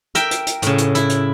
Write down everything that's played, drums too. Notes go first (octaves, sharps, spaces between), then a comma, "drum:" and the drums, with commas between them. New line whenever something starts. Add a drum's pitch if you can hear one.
A#4 E5 G5, drum: hi-hat
drum: hi-hat
drum: hi-hat
A2 C#3, drum: hi-hat
drum: hi-hat
E4, drum: hi-hat
drum: hi-hat